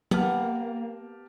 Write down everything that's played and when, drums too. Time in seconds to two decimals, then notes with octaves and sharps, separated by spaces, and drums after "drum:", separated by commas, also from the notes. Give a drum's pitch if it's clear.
0.11 A#3 B3 G4 A5 F6, drum: tom